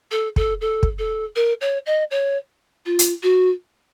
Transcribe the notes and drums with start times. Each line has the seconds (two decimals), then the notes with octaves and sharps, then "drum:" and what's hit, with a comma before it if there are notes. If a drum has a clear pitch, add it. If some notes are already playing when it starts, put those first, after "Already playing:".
0.11 A4
0.36 A4, drum: kick
0.61 A4
0.83 drum: kick
0.98 A4
1.36 A#4
1.61 C#5
1.86 D#5
2.11 C#5
2.85 F4
2.99 drum: hi-hat
3.23 F#4